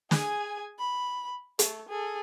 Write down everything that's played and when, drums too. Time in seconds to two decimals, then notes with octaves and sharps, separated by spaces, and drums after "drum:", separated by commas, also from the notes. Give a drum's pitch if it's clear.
0.11 G#4 G#5, drum: snare
0.79 B5
1.59 A3, drum: hi-hat
1.88 G#4 A4